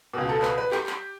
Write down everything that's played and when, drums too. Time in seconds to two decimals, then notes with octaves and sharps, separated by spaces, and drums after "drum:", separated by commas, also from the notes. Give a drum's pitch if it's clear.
0.13 C#2 B2
0.29 A4
0.42 B4, drum: clap
0.58 B4
0.72 G4, drum: clap
0.87 drum: clap